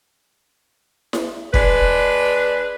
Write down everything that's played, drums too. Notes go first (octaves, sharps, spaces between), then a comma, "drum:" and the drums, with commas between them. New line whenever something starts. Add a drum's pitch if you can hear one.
drum: snare E4
G#3 D4 B4, drum: kick